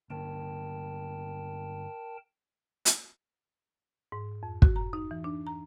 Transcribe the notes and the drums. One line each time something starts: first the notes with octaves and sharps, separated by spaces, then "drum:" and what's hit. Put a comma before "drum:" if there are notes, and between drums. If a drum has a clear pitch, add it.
G2 D3 A#3 A#4 G5 A5
drum: hi-hat
G#2
F2
F#4, drum: kick
A#5
D#4
E3
D4
A#5